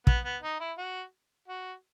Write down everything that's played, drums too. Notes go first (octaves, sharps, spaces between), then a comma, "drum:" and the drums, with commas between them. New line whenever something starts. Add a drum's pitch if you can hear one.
B3, drum: kick
B3
D#4
E4
F#4
F#4